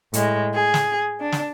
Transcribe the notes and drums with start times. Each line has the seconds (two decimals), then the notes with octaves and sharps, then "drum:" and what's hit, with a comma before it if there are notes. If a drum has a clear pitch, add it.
0.14 A2 G#3, drum: hi-hat
0.53 G#4
0.74 drum: snare
1.20 D4
1.32 drum: snare